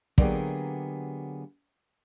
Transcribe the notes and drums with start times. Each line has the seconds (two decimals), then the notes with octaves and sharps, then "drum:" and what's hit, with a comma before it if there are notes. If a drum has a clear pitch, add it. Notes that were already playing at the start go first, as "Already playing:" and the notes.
0.18 D3 F#3 A#3 B3 G4 G#4, drum: kick